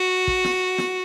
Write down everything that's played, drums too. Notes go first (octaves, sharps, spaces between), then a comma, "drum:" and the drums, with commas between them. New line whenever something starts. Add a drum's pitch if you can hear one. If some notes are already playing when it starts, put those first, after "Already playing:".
Already playing: F#4
drum: kick
drum: snare
drum: snare